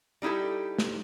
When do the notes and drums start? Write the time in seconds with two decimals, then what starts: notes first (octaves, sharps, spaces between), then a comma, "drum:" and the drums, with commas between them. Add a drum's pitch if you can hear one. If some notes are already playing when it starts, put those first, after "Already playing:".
0.22 G3 D#4 E4 G4 A4
0.78 drum: snare